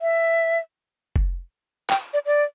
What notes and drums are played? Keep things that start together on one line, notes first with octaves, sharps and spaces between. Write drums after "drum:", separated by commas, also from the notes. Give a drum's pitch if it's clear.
E5
drum: kick
G5, drum: clap
D5
D5